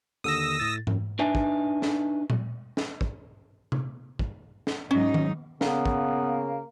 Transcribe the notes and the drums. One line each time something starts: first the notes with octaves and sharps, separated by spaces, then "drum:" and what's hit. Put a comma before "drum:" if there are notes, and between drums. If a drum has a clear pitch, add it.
D#2 D3 D#6 E6 A#6
A2 A6
F#2, drum: tom G#2
D4 D#4 B4 E5 G#5
drum: kick
drum: snare
drum: tom A#2
drum: snare
drum: kick
drum: tom C3
drum: kick
drum: snare
G#2 F#3 C#4 D#4
drum: tom D#3
C#3 A#3 B3, drum: snare
drum: kick